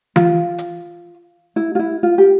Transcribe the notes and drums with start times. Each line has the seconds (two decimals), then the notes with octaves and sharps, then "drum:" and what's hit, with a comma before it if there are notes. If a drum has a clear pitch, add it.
0.16 F4, drum: tom E3
0.58 drum: hi-hat
1.56 E4
1.75 F4
1.79 E4
2.03 F4
2.18 G4